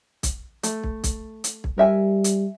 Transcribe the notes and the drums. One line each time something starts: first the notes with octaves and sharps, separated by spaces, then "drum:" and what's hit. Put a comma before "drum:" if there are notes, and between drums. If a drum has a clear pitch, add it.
drum: kick, hi-hat
A3, drum: hi-hat
drum: kick
drum: kick, hi-hat
drum: hi-hat
drum: kick
G3 A#4 E5 G#5
drum: hi-hat